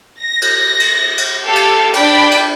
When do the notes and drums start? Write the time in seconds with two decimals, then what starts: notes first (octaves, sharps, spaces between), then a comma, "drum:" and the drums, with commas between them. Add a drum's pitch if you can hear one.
0.21 A#6
0.42 drum: cymbal
0.80 drum: cymbal
1.18 drum: cymbal
1.43 G4 A4 F5
1.56 drum: cymbal
1.93 D4 D5 G5 B5, drum: cymbal
2.31 drum: cymbal